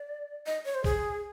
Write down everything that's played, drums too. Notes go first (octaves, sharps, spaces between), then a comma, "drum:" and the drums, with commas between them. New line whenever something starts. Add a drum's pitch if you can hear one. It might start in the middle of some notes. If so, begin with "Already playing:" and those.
Already playing: D5
D#5
C#5
C5
G#4, drum: kick